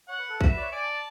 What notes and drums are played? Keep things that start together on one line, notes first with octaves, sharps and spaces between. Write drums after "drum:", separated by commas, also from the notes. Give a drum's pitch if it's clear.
C#5 F#5
B4
A4
F#4 E5, drum: kick A#1
B4
D5
C#5
D5 G#5
A5
A5